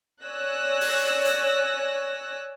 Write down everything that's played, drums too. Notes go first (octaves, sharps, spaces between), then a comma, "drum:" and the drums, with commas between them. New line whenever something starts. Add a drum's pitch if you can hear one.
C#5 D5 G#5 E6 F#6 A#6
drum: open hi-hat
drum: hi-hat